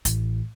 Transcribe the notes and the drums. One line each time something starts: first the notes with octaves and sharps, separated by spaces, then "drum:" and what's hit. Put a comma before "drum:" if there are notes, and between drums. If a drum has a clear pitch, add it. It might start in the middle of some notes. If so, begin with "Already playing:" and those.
A1, drum: hi-hat